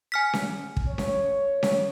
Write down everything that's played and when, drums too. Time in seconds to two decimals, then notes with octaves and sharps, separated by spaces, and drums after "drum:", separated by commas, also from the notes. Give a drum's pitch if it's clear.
0.12 G#5 F6 B6
0.33 drum: snare C#4
0.77 drum: kick
0.87 C#5
0.98 drum: snare C#4
1.63 drum: snare C#4